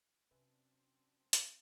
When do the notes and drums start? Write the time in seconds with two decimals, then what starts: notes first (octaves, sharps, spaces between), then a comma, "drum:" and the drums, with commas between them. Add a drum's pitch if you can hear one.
0.31 F#2 C3 C4 D4 B4 E5 G#5
1.33 drum: hi-hat